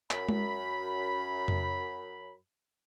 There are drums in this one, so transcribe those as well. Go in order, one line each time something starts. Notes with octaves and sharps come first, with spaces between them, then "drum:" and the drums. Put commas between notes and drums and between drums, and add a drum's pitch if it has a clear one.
F#2 B5, drum: clap
drum: tom G#3
drum: tom F2